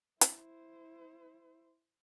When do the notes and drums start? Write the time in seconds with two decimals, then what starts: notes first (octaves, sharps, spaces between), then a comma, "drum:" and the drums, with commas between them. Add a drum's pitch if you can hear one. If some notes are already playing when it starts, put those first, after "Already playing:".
0.21 E4 C5, drum: hi-hat